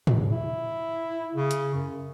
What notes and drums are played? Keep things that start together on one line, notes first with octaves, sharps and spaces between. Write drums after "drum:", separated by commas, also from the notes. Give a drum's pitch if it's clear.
E2, drum: tom G#2
E4
C#3
drum: hi-hat
F#2